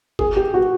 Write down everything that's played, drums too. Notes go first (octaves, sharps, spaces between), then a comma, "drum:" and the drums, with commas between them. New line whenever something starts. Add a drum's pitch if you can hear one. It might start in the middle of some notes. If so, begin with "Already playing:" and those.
G#4, drum: kick G1
G4
F#4